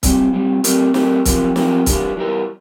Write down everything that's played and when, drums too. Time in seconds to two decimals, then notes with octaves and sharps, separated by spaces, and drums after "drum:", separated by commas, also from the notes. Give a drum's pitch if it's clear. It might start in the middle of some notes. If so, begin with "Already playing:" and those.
0.03 A#2 G3 C4 G4, drum: kick, hi-hat
0.33 A#2 G3 C4 G4
0.64 A3 C4 G4 A#4, drum: hi-hat
0.94 A3 C4 G4 A#4, drum: snare
1.25 F3 C4 G4 A#4, drum: kick, hi-hat
1.56 F3 C4 G4 A#4, drum: snare
1.86 E3 G3 D4 G4 A#4, drum: kick, hi-hat
2.17 E3 G3 D4 G4 A#4